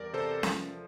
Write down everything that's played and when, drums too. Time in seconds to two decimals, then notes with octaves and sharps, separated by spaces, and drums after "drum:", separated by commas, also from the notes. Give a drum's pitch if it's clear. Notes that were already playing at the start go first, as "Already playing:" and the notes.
Already playing: E2 G3 A#4 D5
0.13 C3 A4 C5
0.43 F3, drum: snare C#4